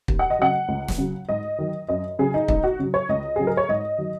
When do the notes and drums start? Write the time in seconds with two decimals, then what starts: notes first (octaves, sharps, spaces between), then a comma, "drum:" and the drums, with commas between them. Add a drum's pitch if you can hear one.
0.08 D#2, drum: kick
0.19 F#5
0.30 D#5
0.39 C#3 F#3 F#5
0.68 C#2
0.88 drum: snare
0.98 C#3 F#3
1.29 G#2 D#5
1.59 D#3 F#3
1.88 F#2 D#5
2.19 C#3 F#3 G#4
2.34 D#4
2.48 C#2 D#4, drum: kick
2.64 F#4
2.79 C#3 F#3
2.94 C#5
3.09 C#2 D#5
3.36 C#3 F#3 G#4
3.47 A#4
3.57 C#5
3.69 G#2 D#5
3.98 D#3 F#3